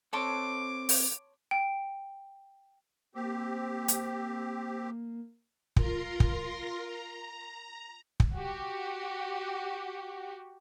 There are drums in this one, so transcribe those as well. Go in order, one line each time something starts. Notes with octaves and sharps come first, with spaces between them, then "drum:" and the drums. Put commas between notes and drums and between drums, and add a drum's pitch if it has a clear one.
C4 A4 C#5 A5 C6 D6
drum: open hi-hat
G5
A#3 C4 G4
drum: hi-hat
F4 A#4 A#5 C6, drum: kick
drum: kick
A#5
drum: kick
F#4 G4